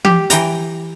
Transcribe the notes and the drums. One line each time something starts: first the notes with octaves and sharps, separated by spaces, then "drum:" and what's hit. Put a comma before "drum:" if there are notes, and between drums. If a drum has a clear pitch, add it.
G4, drum: tom
E3 G5 A#5, drum: hi-hat